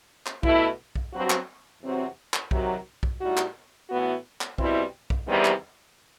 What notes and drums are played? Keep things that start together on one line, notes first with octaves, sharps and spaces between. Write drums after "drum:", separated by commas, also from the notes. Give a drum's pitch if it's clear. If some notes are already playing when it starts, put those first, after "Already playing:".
drum: clap
B2 A3 E4, drum: kick B1
drum: kick B1
G2 F#3 C4 F#4
drum: clap
E2 C3 F#3 C4 F#4
drum: clap
C3 D#3 F#3, drum: kick B1
drum: kick B1
A2 G3 D#4 F#4
drum: clap
A2 E3 B3 F#4
drum: clap
B2 G3 C4 E4, drum: kick B1
drum: kick B1
E2 C3 D#3 G3 B3
drum: clap